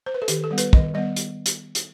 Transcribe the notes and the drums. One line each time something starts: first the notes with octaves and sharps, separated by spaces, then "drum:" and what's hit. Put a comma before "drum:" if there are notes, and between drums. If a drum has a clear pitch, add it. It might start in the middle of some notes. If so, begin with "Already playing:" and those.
C5
B4
A4
D#3 G4, drum: hi-hat
A4
G3 B3
B4, drum: hi-hat
D#3 D#5, drum: kick
G3 B3 D#5
drum: hi-hat
drum: hi-hat
drum: hi-hat